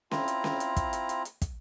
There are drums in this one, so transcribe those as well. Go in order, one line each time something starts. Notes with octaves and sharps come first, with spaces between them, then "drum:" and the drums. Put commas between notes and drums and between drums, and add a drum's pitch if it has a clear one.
C4 E4 F4 A#5, drum: snare C#4
drum: hi-hat
drum: snare C#4
drum: hi-hat
drum: kick, hi-hat
drum: hi-hat
drum: hi-hat
drum: hi-hat
drum: kick, hi-hat